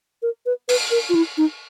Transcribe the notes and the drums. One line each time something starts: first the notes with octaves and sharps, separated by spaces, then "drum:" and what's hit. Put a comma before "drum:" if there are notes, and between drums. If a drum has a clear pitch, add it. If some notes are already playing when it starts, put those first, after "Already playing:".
A#4
B4
B4, drum: open hi-hat
A#4
F4
E4
D#4